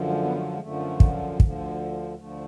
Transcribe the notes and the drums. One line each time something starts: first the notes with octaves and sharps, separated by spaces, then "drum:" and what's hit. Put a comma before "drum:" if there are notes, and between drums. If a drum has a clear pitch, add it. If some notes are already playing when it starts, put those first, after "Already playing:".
Already playing: F#2 D3 F3
G#3
B3
A3
G#3
F#2 D3 F3 A3
drum: kick
D2 D3 F3, drum: kick
D2 D3 F3 A3